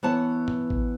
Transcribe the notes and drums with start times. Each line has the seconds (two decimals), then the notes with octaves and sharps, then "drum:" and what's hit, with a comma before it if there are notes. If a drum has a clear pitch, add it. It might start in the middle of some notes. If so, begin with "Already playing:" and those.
0.03 E3 B3 C#5 A5
0.48 drum: tom
0.70 drum: kick A1